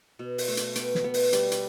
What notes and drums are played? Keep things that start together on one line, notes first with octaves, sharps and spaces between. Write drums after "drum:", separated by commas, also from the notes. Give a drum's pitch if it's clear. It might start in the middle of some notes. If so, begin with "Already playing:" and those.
B2
drum: open hi-hat
A3
drum: hi-hat
B3 G5, drum: hi-hat
drum: snare
B3
drum: open hi-hat
G3, drum: hi-hat
drum: hi-hat